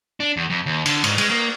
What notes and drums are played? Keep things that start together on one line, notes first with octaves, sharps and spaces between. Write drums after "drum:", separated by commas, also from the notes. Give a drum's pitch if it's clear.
D4
E2
F2
D#2
D3, drum: cymbal
G#2, drum: cymbal
G#3, drum: cymbal
A#3